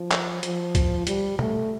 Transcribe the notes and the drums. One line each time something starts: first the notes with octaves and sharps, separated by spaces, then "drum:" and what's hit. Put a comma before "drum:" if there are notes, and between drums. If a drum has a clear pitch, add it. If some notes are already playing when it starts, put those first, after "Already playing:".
Already playing: F3
drum: clap
F3, drum: hi-hat
drum: kick, hi-hat
G3, drum: hi-hat
A3, drum: tom